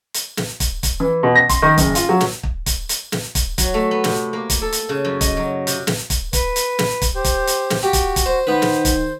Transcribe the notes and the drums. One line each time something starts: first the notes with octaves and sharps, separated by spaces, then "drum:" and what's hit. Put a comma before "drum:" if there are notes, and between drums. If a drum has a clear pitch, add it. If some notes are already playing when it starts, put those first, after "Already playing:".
drum: hi-hat
drum: snare
drum: kick, hi-hat
drum: kick, hi-hat
E3
B2
A#6
C6, drum: kick, hi-hat
D#3
F#1, drum: kick, hi-hat
F4, drum: hi-hat
F#3
drum: snare
drum: kick
drum: kick, hi-hat
drum: hi-hat
drum: snare
drum: kick, hi-hat
F#3, drum: kick, hi-hat
A3
B3
C3, drum: snare
A#3
drum: kick, hi-hat
A4
drum: hi-hat
C#3
F#2
D#5, drum: kick, hi-hat
F#3
C3, drum: hi-hat
drum: snare
drum: kick, hi-hat
B4, drum: kick, hi-hat
drum: hi-hat
drum: snare
drum: kick, hi-hat
G4 C5
drum: kick, hi-hat
drum: hi-hat
drum: snare
F#4 G4
drum: kick, hi-hat
drum: kick, hi-hat
C5
D#3 B3 B4 C5
drum: snare
drum: kick, hi-hat